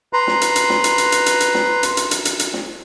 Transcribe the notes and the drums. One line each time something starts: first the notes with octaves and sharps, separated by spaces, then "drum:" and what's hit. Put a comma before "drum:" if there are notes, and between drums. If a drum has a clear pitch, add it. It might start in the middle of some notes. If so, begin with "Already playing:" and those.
B4 A#5 C6
drum: snare
drum: hi-hat
drum: hi-hat
drum: snare
drum: hi-hat
drum: hi-hat
drum: hi-hat
drum: hi-hat
drum: hi-hat
drum: snare
drum: hi-hat
drum: hi-hat
drum: hi-hat
drum: hi-hat
drum: hi-hat
drum: snare